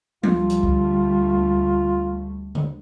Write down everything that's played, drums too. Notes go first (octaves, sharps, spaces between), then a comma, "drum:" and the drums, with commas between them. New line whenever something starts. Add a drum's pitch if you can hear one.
D2 G3 A3 F4, drum: tom F3
drum: hi-hat
drum: kick
drum: tom C#3